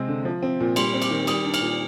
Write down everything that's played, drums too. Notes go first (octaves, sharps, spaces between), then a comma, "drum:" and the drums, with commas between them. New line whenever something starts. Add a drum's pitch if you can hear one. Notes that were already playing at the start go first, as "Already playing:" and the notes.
Already playing: C3 G#3 C4
D3
F3
C4
A#2
G3 C6, drum: cymbal
C4
D6, drum: cymbal
D#3
G3 D#6, drum: cymbal
D4
F6, drum: cymbal
A#2